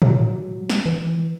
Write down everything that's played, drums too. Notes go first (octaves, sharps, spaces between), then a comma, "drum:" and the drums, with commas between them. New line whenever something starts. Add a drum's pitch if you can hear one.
F#3, drum: tom A2
drum: snare
E3